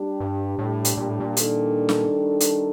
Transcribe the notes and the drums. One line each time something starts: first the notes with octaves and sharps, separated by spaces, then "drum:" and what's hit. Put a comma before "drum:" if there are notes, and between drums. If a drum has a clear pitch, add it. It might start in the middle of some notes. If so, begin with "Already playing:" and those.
Already playing: G3 D4 G4
G2
A2
drum: hi-hat
A#2
A2
A#2
D#3 G3 D4 A4, drum: hi-hat
drum: snare
drum: hi-hat